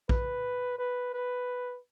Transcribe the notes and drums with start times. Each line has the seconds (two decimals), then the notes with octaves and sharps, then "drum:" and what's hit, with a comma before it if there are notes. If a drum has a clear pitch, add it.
0.09 B4, drum: kick
0.78 B4
1.14 B4